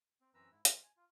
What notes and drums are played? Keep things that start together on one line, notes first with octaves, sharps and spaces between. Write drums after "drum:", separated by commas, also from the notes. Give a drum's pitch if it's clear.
C4
F#2 E3 C4 B4 A#5 E6
G#2 E4
C3 A#3 F4, drum: hi-hat
G#5
F4